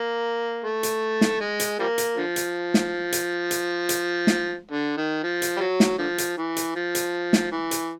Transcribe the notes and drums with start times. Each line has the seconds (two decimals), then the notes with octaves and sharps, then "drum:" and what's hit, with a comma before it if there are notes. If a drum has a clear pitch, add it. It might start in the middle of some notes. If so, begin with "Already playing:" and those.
Already playing: A#3
0.64 A3
0.83 drum: hi-hat
1.21 drum: snare
1.41 G#3
1.60 drum: hi-hat
1.79 F3 G3 A#3
1.98 drum: hi-hat
2.17 D3 F3
2.36 drum: hi-hat
2.74 drum: snare
3.12 drum: hi-hat
3.51 drum: hi-hat
3.89 drum: hi-hat
4.27 drum: snare
4.71 D3
4.98 D#3
5.23 F3
5.42 drum: hi-hat
5.57 G3
5.61 F#3
5.80 drum: snare
5.99 D3 F3
6.18 drum: hi-hat
6.37 E3
6.57 drum: hi-hat
6.76 F3
6.95 drum: hi-hat
7.33 drum: snare
7.52 E3
7.71 drum: hi-hat